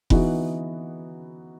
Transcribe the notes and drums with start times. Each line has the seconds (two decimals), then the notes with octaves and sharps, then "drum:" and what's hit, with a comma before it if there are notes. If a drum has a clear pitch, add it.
0.10 E3 B3 D#4 F#4, drum: kick F1